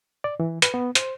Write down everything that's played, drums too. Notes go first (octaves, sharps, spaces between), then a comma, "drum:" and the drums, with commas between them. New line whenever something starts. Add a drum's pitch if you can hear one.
D5
E3
B4, drum: hi-hat
B3
C5, drum: hi-hat